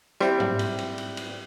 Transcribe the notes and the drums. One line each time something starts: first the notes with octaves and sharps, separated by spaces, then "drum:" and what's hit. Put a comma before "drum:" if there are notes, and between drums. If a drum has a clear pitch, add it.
G3 C4 E4, drum: rim click
drum: tom G#2
drum: cymbal
drum: cymbal
drum: cymbal
drum: cymbal